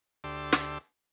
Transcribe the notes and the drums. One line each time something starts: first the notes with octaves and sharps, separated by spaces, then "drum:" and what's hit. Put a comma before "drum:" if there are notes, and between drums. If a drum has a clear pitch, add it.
D2 G4 D5 A5 C6 E6
drum: snare